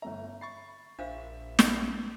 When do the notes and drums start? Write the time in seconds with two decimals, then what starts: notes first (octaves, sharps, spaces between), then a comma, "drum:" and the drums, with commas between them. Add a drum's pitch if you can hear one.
0.02 G1 A3 E5 A#5
0.41 B5 C#6 A6 C7
0.99 A#1 D4 C5 E5 F5
1.59 drum: snare